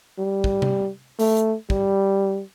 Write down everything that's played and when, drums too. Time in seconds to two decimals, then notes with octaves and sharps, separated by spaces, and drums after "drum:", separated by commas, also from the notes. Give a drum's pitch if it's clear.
0.19 G3
0.44 drum: kick
0.62 drum: tom C3
1.19 A3, drum: open hi-hat
1.37 drum: hi-hat
1.70 G3, drum: kick